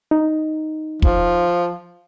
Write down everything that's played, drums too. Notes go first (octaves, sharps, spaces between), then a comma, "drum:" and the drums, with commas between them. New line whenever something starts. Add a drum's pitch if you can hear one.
D#4
F3, drum: kick